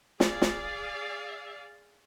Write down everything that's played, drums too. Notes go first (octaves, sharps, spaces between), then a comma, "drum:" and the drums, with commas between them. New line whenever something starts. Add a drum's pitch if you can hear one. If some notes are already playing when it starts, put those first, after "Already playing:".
G#4 D5 F5, drum: snare
drum: snare